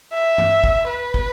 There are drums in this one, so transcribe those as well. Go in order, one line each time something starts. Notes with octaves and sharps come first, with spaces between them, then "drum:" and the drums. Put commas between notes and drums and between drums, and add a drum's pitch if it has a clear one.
E5
drum: tom G2
drum: kick
B4
drum: kick